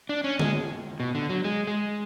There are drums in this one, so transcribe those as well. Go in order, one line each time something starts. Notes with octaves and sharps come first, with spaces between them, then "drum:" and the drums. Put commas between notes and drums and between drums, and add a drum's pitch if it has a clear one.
D4
C#4
G#3, drum: tom D3
B2
D3
F#3
G#3
G#3